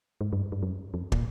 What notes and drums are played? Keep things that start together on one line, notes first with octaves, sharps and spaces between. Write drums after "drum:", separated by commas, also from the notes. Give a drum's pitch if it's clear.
G#2
G2
G2
F#2
F2
A#2, drum: kick